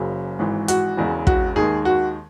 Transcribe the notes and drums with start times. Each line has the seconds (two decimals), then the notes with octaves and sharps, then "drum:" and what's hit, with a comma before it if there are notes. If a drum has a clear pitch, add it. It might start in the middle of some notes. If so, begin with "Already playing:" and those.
Already playing: F#1 F#2 C#3 F#3
0.39 G#1 G#2 E3
0.68 F#4, drum: hi-hat
0.97 E1 E2 C#3 G#3
1.27 F#4, drum: kick
1.56 D#2 D#3 G#3 G#4
1.85 F#4